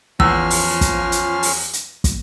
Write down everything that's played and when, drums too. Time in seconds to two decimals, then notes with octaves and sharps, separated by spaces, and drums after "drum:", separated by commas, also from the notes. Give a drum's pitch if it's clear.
0.20 E2 F3 C#4 C6 E6 F6, drum: kick
0.50 drum: open hi-hat
0.81 drum: kick, hi-hat
1.12 drum: hi-hat
1.43 drum: open hi-hat
1.73 drum: hi-hat
2.04 drum: kick, hi-hat